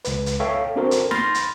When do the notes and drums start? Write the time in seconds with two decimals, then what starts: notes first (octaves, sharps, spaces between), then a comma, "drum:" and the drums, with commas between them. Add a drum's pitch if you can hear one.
0.05 C#2 B4, drum: hi-hat
0.26 drum: hi-hat
0.40 A4 C#5 E5 F5 G5
0.76 C4 D4 F#4 A4 A#4 C5
0.91 drum: hi-hat
1.11 B5 C6 F6 G6 A6 A#6, drum: snare D#4
1.35 drum: hi-hat